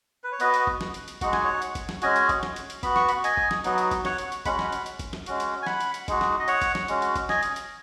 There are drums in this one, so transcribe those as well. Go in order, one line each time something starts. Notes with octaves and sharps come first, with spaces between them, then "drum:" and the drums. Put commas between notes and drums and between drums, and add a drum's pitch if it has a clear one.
B4
C#5
B3 F#4 B4 D#5, drum: hi-hat
drum: hi-hat
drum: kick
drum: snare
drum: hi-hat
drum: hi-hat
G#3 D#4 F#4 F#5, drum: kick, hi-hat
G#5, drum: snare
C#5 F#5
drum: hi-hat
drum: kick, hi-hat
drum: snare
G#3 C#4 F#4 D#5 G#5, drum: hi-hat
drum: hi-hat
drum: kick, hi-hat
drum: snare
drum: hi-hat
drum: hi-hat
B3 F#4 B5, drum: kick, hi-hat
C#6, drum: snare
F#5 B5, drum: hi-hat
D#5 G#5, drum: hi-hat
drum: kick
drum: snare
F#3 B3 D#4 F#4, drum: hi-hat
drum: hi-hat
drum: kick, hi-hat
C#5 F#5, drum: snare
drum: hi-hat
drum: hi-hat
G#3 C#4 F#4 F#5 B5, drum: kick, hi-hat
drum: snare
drum: hi-hat
drum: hi-hat
drum: kick, hi-hat
drum: snare
G#3 C#4 F#4, drum: hi-hat
drum: hi-hat
G#5
F#5 B5, drum: snare
drum: hi-hat
drum: hi-hat
G#3 D#4 F#4, drum: kick, hi-hat
drum: snare
D#5
C#5 F#5, drum: hi-hat
drum: kick, hi-hat
drum: snare
G#3 C#4 F#4, drum: hi-hat
drum: hi-hat
drum: kick, hi-hat
D#5 G#5, drum: snare
drum: hi-hat
drum: hi-hat